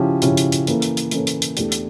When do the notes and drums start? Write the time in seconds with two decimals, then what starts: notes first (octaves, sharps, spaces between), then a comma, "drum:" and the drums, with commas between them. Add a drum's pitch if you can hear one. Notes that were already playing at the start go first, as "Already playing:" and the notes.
Already playing: C#3 F3 C#4 E4 G4
0.22 C#3 F3 C#4 E4 G4, drum: hi-hat
0.37 drum: hi-hat
0.52 drum: hi-hat
0.67 E3 A#3 C#4 E4 A4, drum: hi-hat
0.82 drum: hi-hat
0.97 drum: hi-hat
1.11 E3 A#3 C#4 E4 A4, drum: hi-hat
1.27 drum: hi-hat
1.42 drum: hi-hat
1.57 E2 E3 A3 D4 G4, drum: hi-hat
1.72 drum: hi-hat